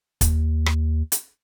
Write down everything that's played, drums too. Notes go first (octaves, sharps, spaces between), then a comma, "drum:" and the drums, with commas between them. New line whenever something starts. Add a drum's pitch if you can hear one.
D#2, drum: kick, hi-hat
drum: rim click
drum: hi-hat